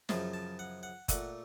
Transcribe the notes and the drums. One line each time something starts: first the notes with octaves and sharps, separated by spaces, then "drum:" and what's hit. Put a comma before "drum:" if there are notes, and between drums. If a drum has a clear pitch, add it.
F#2 C#3 F3 A5, drum: snare
A5
F#5
F#5
A#2 A3 F#5, drum: kick, hi-hat